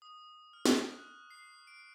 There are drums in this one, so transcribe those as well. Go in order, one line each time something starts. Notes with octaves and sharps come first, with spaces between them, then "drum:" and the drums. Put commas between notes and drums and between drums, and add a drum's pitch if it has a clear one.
D#6
F6
C#6, drum: snare
F#6
C7
D7